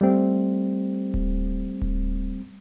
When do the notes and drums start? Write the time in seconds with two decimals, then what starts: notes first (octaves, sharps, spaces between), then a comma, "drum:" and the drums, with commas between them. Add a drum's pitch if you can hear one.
0.01 G3 A3 C4
1.14 drum: kick D1
1.82 drum: kick D1